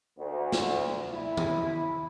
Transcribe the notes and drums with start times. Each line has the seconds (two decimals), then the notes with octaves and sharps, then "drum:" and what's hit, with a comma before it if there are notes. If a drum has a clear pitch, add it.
0.18 D2
0.52 drum: snare
1.12 E4
1.37 drum: tom D#3